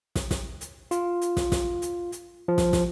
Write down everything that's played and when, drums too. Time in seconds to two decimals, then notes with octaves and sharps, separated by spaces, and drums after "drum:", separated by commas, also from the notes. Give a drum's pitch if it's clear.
0.15 drum: snare
0.31 drum: snare
0.61 drum: hi-hat
0.91 F4, drum: hi-hat
1.21 drum: hi-hat
1.37 drum: snare
1.52 drum: snare
1.82 drum: hi-hat
2.12 drum: hi-hat
2.48 F3
2.58 drum: snare
2.73 drum: snare